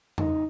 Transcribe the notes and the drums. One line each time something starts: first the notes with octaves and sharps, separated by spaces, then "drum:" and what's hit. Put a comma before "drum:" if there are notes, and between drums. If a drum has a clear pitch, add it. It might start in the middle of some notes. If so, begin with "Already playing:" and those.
D#4, drum: tom E2